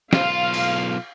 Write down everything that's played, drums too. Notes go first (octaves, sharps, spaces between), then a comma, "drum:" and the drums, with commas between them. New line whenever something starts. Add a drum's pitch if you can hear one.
B1 F4 F5, drum: snare
drum: cymbal